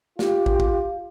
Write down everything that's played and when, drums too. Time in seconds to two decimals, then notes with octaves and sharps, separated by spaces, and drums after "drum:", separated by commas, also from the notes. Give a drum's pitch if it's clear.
0.19 F4 G4, drum: snare
0.46 drum: kick
0.60 drum: kick